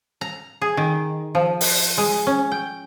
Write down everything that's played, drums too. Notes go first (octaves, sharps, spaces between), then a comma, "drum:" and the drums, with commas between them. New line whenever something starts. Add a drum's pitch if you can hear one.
A#5
G#4
D#3
F3
drum: open hi-hat
G#3
C#4
G5